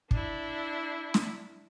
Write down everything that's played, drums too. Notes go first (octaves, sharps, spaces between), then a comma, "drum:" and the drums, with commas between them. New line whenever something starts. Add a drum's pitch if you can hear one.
D4 E4, drum: kick
drum: snare